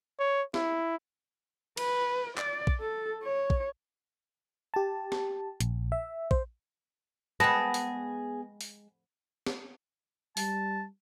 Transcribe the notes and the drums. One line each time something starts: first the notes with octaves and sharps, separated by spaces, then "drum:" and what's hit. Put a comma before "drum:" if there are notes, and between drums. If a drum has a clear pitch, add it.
C#5
E4, drum: snare
B4, drum: cymbal
D5, drum: clap
drum: kick
A4
C#5
drum: kick
G4 A5
drum: snare
A#1, drum: hi-hat
E5
C5, drum: kick
G#3 B3 G#4 G5 A5 A#6
drum: open hi-hat
drum: open hi-hat
drum: snare
G3 A5, drum: open hi-hat